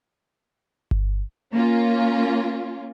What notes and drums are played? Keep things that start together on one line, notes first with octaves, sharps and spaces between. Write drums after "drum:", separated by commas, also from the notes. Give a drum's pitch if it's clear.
drum: kick G1
A#3 C#4 F4